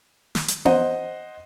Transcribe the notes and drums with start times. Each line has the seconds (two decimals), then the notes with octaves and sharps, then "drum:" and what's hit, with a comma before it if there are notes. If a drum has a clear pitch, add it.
0.35 drum: snare
0.48 drum: hi-hat
0.65 C5 D#5 F#5, drum: tom B3